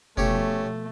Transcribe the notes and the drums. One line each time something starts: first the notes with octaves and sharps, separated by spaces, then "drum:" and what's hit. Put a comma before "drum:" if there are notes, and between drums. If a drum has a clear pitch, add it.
B2 F3 A3 C#4 G4 C#5, drum: kick F1